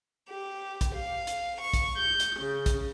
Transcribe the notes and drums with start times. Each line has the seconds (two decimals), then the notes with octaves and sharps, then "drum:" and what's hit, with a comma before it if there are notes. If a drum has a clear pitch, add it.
0.29 G4
0.81 drum: kick, hi-hat
0.93 F5
1.27 drum: hi-hat
1.59 C#6
1.73 drum: kick, hi-hat
1.97 G6
2.20 drum: hi-hat
2.38 C#3
2.66 drum: kick, hi-hat